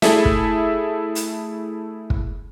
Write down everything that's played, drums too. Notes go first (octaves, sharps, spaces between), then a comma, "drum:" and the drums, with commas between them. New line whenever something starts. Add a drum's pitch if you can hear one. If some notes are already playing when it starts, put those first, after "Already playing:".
A3 E4 G#4 A4 E5, drum: snare
drum: kick
drum: hi-hat
drum: kick